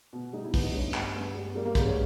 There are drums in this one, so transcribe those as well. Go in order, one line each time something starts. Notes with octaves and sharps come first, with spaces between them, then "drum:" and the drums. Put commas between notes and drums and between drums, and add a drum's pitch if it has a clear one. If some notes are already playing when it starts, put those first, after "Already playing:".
B2
G3 D#4
E4
B2 B3, drum: kick, open hi-hat
D#4
G2 C#4
G2, drum: clap
G2 B3
G3
G3 A#3
A#3
G#2 B3, drum: kick, hi-hat
C#4